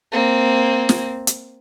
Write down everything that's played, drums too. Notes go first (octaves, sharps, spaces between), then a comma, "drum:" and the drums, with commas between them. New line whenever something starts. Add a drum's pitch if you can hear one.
A#3 C4
drum: snare
drum: hi-hat